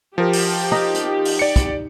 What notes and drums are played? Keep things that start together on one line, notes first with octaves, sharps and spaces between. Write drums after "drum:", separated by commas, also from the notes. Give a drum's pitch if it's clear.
F3 G4 A#4
drum: open hi-hat
D#4
drum: hi-hat
drum: open hi-hat
D5 C#7
drum: kick, hi-hat